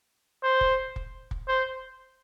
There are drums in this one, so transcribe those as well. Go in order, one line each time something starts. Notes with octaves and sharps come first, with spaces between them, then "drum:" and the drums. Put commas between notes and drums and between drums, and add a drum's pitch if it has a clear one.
C5
drum: kick
drum: kick
drum: kick
C5